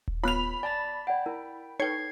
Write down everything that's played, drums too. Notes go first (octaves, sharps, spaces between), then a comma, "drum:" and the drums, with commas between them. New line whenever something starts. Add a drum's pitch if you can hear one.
drum: kick D#1
B3 F4 C#5 B5 F7
D5 G#5 A5 A6
D5 F#5 G5
E4 A#4
D#4 A4 B4 C#5 G5 G#6 C7